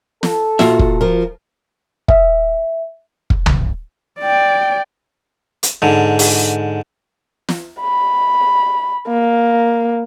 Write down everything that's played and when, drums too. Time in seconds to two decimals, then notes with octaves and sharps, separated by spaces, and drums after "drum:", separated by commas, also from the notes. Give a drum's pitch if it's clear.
0.23 A4, drum: snare
0.59 A#2 F4 F#4 E5, drum: snare
0.79 drum: kick
1.01 F3 A#4
2.08 E5, drum: kick
3.30 drum: kick
3.46 drum: tom
4.20 D5 G5
5.63 drum: hi-hat
5.82 G#2 D3
6.19 drum: open hi-hat
7.49 drum: snare
7.80 B5
9.08 A#3